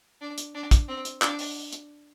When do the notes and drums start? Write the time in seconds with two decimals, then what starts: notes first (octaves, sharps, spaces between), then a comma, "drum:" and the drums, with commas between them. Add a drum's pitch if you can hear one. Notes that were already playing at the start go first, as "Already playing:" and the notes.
0.21 D4
0.38 drum: hi-hat
0.54 D4
0.71 drum: kick, hi-hat
0.88 C4
1.05 drum: hi-hat
1.22 D4, drum: clap
1.39 drum: open hi-hat
1.73 drum: hi-hat